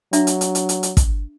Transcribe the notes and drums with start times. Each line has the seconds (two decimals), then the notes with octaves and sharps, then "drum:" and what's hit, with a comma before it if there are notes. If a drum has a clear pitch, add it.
0.13 F#3 D4 E5 A#5, drum: hi-hat
0.27 drum: hi-hat
0.41 drum: hi-hat
0.55 drum: hi-hat
0.69 drum: hi-hat
0.83 drum: hi-hat
0.97 drum: kick, hi-hat